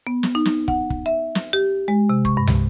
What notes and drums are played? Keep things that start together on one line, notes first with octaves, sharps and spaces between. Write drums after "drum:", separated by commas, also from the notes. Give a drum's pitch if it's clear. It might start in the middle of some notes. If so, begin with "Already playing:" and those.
B3
drum: snare
D#4
drum: snare
F#5, drum: kick
drum: kick
E5
drum: snare
G4
G#3
C3
C#6, drum: kick
G2
drum: tom